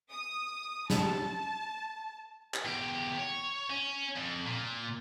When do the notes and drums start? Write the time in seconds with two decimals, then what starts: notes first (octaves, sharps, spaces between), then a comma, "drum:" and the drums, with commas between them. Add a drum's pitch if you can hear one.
0.10 D#6
0.90 A5, drum: snare
2.54 drum: clap
2.65 E2 G4
3.17 C#5
3.70 C#4
4.16 F2
4.46 A#2